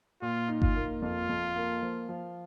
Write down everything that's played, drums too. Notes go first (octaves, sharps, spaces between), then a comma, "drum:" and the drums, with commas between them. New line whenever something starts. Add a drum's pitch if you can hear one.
A#2 F4
D#4
F4, drum: kick G1
A#3
F2 F4
F2
A#3
F3
F3